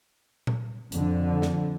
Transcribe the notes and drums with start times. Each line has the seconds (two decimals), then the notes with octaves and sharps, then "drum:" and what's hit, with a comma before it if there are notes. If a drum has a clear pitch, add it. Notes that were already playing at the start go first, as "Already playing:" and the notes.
0.47 drum: tom A#2
0.92 F2 D3, drum: hi-hat
1.42 drum: snare